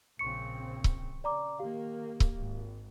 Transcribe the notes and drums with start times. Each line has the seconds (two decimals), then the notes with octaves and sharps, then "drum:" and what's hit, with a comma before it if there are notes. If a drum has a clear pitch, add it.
0.19 A#1 C#3 C4 C#6 C#7
0.84 drum: kick C#1
1.24 C#3 D5 A#5 D6
1.59 D#3 A#3 G4 F5
2.20 drum: kick C#1
2.37 G#1